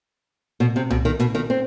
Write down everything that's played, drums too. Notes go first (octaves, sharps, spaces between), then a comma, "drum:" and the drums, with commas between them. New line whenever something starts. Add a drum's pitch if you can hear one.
B2
C3
B2, drum: tom C2
D#3
B2, drum: hi-hat
D#3
C4